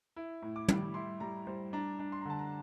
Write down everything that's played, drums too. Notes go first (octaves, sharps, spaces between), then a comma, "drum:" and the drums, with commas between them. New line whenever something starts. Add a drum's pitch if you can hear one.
E4
A2
D6
G3, drum: tom
E4 C6
G3 A#5
G3 C5
D4 A#5
D4
C6
A#5
D3 A5
A#5